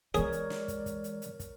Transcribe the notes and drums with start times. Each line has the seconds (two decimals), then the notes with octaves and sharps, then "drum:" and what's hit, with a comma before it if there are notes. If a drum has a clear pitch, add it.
0.14 E3 G#3 G#4 A#4 C#5 D5, drum: hi-hat
0.32 drum: hi-hat
0.50 drum: snare
0.68 drum: kick, hi-hat
0.86 drum: kick, hi-hat
1.04 drum: hi-hat
1.22 drum: hi-hat
1.40 drum: kick, hi-hat